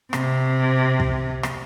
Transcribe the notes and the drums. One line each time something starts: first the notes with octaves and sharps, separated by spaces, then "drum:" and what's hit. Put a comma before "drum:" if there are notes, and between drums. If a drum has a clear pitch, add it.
C3, drum: rim click
drum: kick
drum: rim click